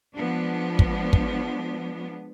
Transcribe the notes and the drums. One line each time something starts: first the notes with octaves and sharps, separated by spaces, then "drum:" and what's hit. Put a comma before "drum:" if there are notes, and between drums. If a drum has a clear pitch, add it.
F3 G#3 B3 D4
drum: kick
drum: kick